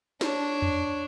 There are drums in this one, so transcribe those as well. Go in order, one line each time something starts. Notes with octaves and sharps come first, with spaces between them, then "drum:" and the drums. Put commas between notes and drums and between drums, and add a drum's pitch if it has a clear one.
D4 C#5, drum: snare
drum: tom E2